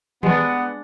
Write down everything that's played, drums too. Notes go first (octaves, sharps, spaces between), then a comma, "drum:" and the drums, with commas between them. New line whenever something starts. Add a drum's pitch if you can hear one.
G#3 B3 D4, drum: tom D#3